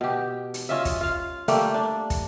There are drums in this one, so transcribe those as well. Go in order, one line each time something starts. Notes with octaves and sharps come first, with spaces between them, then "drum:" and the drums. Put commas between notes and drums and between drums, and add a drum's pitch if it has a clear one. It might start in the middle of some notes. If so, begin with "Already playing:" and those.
B2 G4
drum: hi-hat
C#4 F4 D#5 E5
drum: kick, hi-hat
F4 F5
G3 A3 A#3 G4, drum: hi-hat
D4
drum: kick, hi-hat